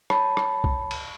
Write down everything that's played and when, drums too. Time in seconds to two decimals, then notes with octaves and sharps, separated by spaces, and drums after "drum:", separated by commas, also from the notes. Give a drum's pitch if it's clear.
0.10 C#5 A5 B5, drum: rim click
0.37 drum: rim click
0.64 drum: kick
0.91 drum: cymbal